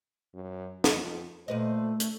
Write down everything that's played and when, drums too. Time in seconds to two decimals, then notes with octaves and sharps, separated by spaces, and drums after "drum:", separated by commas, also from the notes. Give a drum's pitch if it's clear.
0.35 F#2
0.84 F2, drum: snare
1.48 A#2 A3 B4 C5 D#5
2.00 drum: hi-hat